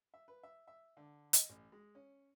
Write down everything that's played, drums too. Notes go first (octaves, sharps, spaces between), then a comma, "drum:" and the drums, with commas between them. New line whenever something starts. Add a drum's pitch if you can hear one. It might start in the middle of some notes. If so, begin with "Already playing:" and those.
E5
B4
E5
E5
D3
D#5, drum: hi-hat
A1
G#3
C#4